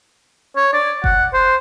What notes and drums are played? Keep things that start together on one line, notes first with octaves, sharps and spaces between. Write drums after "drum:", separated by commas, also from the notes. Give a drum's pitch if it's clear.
C#5
D5
F#5, drum: kick F#1
C5